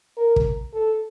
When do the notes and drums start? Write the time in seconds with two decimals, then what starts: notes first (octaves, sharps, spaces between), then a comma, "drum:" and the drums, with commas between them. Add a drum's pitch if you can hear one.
0.17 A#4
0.36 drum: kick
0.74 A4